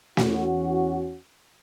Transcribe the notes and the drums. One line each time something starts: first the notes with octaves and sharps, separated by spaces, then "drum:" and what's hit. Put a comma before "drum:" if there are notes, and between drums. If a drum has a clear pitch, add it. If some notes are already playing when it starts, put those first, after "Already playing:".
E2 E3 C#4 F#4, drum: snare